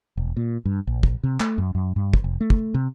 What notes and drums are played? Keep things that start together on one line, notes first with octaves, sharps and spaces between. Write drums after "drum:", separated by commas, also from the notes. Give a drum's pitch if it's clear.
E1
A#2
G2
A#1
drum: kick
C3
A3, drum: clap
F#2
F#2
G2
drum: kick
F1
A3
drum: kick
C3